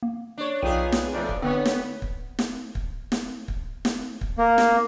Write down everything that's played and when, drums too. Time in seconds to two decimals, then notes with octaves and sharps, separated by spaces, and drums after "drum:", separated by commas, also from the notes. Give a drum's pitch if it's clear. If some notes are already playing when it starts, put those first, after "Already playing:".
0.03 A#3
0.38 D4 C#5
0.62 B1 B3 D#4 F4 G#4 G5 D#7
0.92 drum: snare
1.13 F2 B2 F3 A3 D4
1.29 drum: kick
1.42 D3 B3 C4 C#5
1.65 drum: snare
2.02 drum: kick
2.39 drum: snare
2.75 drum: kick
3.12 drum: snare
3.48 drum: kick
3.85 drum: snare
4.21 drum: kick
4.38 A#3
4.58 drum: snare